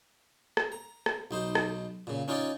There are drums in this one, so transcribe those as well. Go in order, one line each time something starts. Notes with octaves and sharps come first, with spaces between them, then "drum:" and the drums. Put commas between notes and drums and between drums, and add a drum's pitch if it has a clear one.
drum: rim click
A#5
drum: rim click
B1 D#4 C5
drum: rim click
A#2 C#3
C#4 D#4 F4 C#5 D5